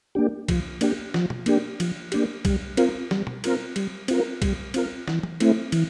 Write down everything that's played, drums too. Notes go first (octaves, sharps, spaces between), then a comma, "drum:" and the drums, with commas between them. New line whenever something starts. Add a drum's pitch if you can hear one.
A#3 D4 G4
F3, drum: kick, cymbal
A#3 D4 G4, drum: cymbal
F3, drum: snare
drum: tom
A#3 D4 G4, drum: cymbal
F3, drum: cymbal
A#3 D4 G4, drum: cymbal
G3, drum: kick, cymbal
C4 F4 A#4, drum: cymbal
G3, drum: snare
drum: tom
C4 F4 A#4, drum: cymbal
G3, drum: cymbal
C4 F4 A#4, drum: cymbal
G3, drum: kick, cymbal
C4 F4 A#4, drum: cymbal
E3, drum: snare
drum: tom
A3 C4 E4, drum: cymbal
E3, drum: cymbal